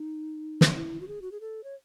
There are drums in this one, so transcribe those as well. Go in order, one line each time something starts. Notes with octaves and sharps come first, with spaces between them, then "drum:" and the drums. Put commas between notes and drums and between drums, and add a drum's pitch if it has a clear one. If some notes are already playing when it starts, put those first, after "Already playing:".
Already playing: D#4
drum: snare
E4
F#4
G#4
F#4
G#4
A4
C#5